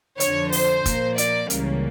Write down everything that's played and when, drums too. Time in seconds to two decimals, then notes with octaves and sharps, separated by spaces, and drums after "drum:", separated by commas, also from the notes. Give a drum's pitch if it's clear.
0.20 F2 D3 F3 C#5, drum: hi-hat
0.52 C5, drum: open hi-hat
0.86 A#2 F3 A#3, drum: kick, hi-hat
1.18 D5, drum: hi-hat
1.50 C#2 C#3 E3 G3 A#3, drum: hi-hat